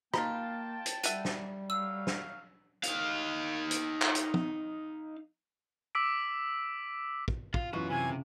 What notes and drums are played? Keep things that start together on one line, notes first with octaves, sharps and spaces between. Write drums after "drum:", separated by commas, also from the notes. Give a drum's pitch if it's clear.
A#3 D#4 F4 G5 A5, drum: rim click
drum: hi-hat
G3 E5 F#5 D#7, drum: hi-hat
drum: snare
F#3 A3 F5 E6
drum: snare
D#4 F5, drum: hi-hat
drum: hi-hat
drum: clap
drum: hi-hat
drum: tom
D6 E6 B6 D7
drum: kick
F4, drum: kick
F#2 E3 F4 F#4 B4 C#6
C3 G#5
C#3